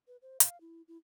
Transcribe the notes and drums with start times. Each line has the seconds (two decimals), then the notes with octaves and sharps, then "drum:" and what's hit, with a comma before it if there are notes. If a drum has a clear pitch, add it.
0.07 B4
0.22 C5
0.40 F5, drum: hi-hat
0.61 E4
0.88 E4